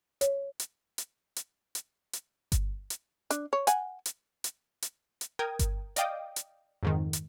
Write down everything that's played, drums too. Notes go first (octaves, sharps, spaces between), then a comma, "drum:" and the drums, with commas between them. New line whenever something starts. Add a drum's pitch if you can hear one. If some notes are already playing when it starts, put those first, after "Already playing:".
C#5, drum: hi-hat
drum: hi-hat
drum: hi-hat
drum: hi-hat
drum: hi-hat
drum: hi-hat
drum: kick G1, hi-hat
drum: hi-hat
D4, drum: hi-hat
C#5
F#5 G#5, drum: hi-hat
drum: hi-hat
drum: hi-hat
drum: hi-hat
drum: hi-hat
A#4 G5 D#6 G#6
drum: kick G1, hi-hat
D5 D#5 F5 G5 D6 D#6, drum: hi-hat
drum: hi-hat
F2 G#2 D#3
drum: hi-hat